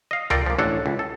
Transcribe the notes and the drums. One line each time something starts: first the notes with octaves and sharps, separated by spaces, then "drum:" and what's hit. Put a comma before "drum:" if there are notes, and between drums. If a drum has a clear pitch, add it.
D#5 F5
F4 A4 A#4 D5 G5, drum: tom C#2
F3 A#3
A1 D4 A4 C#5 F#5
C#2
A4